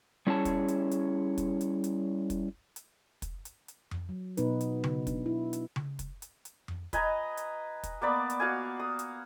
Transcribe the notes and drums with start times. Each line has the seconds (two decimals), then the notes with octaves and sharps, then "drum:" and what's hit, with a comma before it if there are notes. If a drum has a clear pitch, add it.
0.27 G3 C#4 E4 G#4 C#5 A5
0.45 drum: kick, hi-hat
0.68 drum: hi-hat
0.91 drum: hi-hat
1.38 drum: kick, hi-hat
1.61 drum: hi-hat
1.84 drum: hi-hat
2.30 drum: kick, hi-hat
2.76 drum: hi-hat
3.22 drum: kick, hi-hat
3.45 drum: hi-hat
3.68 drum: hi-hat
3.91 drum: tom F2
4.09 F#3
4.37 B2 B3 D#4 B4, drum: hi-hat
4.61 drum: hi-hat
4.84 drum: tom C#3
5.07 B3 D4, drum: kick, hi-hat
5.26 E4
5.53 drum: hi-hat
5.76 drum: tom C#3
5.99 drum: kick, hi-hat
6.22 drum: hi-hat
6.45 drum: hi-hat
6.68 drum: tom F2
6.93 B4 D#5 G#5 A#5, drum: kick, hi-hat
7.37 drum: hi-hat
7.83 drum: kick, hi-hat
8.01 A#3 B3 D5 B5
8.30 drum: hi-hat
8.40 F#4 F5 G#5
8.80 D#6
8.99 drum: hi-hat